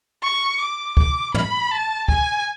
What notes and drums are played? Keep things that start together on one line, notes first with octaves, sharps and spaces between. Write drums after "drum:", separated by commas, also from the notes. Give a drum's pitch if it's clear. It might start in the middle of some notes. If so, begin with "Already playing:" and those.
C#6
D6
D6, drum: kick
B5, drum: tom
A5
G#5, drum: kick